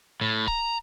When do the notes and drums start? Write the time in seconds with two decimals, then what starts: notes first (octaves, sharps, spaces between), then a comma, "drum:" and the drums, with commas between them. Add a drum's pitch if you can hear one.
0.21 A2
0.48 A#5, drum: kick C#1